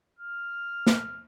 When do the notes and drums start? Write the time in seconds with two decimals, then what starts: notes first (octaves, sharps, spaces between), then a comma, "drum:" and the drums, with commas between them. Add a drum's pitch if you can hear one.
0.19 F6
0.87 drum: snare